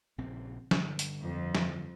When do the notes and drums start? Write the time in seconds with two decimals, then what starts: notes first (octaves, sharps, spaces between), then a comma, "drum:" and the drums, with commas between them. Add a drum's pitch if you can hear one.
0.18 A#1 C#3 C4
0.71 G2 D3, drum: snare
0.99 drum: hi-hat
1.23 F2
1.55 drum: snare